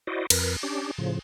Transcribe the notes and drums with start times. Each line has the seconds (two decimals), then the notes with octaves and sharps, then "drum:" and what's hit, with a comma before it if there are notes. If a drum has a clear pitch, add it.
0.07 E4 F#4 C5 D5 D#5
0.30 F2 A#4 B4, drum: cymbal
0.63 C#4 D4 G4
0.98 A2 C#3 F3